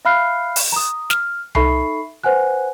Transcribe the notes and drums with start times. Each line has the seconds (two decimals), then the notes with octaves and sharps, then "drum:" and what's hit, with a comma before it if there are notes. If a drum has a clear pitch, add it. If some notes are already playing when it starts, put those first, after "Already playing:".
0.05 E5 F5 B5 F6 F#6 C7
0.56 drum: open hi-hat
0.72 A#5 D#6
1.10 F6, drum: snare
1.55 D#4 A4 E5 B5 C#6 C7, drum: tom C2
2.24 B4 C5 F#5 G#5 F#6